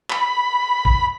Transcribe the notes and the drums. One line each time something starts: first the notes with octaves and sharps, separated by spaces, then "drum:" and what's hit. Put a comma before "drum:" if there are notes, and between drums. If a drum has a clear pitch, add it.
B5, drum: clap
drum: kick